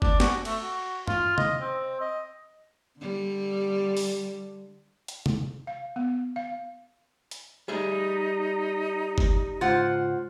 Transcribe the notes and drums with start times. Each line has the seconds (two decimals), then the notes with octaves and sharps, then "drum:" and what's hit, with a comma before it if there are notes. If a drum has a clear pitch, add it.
0.02 D4, drum: kick F#1
0.20 F#4, drum: snare
0.45 A3, drum: cymbal
0.63 F#4
1.08 F4, drum: tom G2
1.38 D#5, drum: tom C3
1.61 C4
2.01 D#5
2.99 D3 G3
3.97 drum: open hi-hat
5.08 drum: hi-hat
5.26 drum: tom C3
5.67 F5
5.96 B3
6.36 F5
7.31 drum: hi-hat
7.68 G3 D#4 G#4 E5
9.18 drum: kick F#1
9.61 C#2 G#2 F4 C5 F#5